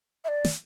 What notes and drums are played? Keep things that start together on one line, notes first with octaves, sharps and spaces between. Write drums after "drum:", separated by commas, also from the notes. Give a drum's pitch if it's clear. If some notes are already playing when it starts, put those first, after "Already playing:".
E5
D5
drum: snare